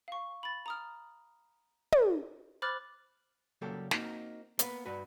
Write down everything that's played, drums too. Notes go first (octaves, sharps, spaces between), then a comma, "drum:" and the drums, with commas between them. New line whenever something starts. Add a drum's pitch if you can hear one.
F5 C#6
B5 A6
A#5 D#6 F6
drum: tom
C5 B5 D6 F6 F#6 A6
C#3 F#3 G3 A#3 G4 A4
A#3 C4 D#4 F#4 A#4, drum: snare
A#3 B3 B4, drum: hi-hat
G2 F#4 B4